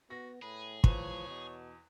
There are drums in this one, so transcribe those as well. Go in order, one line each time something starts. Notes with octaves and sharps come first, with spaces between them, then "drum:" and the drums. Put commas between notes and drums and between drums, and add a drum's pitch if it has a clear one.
B3 F#4 A#6
A2 G#4 B4
E2 F3 B4 C#5, drum: kick
B2